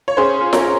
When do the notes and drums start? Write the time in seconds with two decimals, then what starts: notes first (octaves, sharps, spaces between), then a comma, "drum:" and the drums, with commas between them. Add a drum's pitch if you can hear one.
0.08 C#5
0.17 C#4 G#4 C5
0.41 F4
0.53 A#4 C#5, drum: snare F4